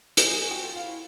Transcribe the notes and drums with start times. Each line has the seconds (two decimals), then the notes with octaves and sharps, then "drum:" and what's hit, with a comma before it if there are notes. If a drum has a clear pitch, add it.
0.17 A4, drum: hi-hat
0.26 G#4 G#5
0.44 F#4
0.51 G5
0.63 F4
0.76 F5
0.81 E4